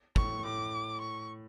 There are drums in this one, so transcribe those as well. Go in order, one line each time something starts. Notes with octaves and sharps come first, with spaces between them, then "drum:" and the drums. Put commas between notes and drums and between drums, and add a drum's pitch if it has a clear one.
A2 C#6, drum: kick
A2 D6
C#6